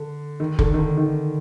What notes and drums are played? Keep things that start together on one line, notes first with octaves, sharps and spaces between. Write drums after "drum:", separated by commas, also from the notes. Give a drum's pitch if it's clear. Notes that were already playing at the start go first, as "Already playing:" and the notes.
Already playing: D3
D#3
D3, drum: kick
D#3
D3
D#3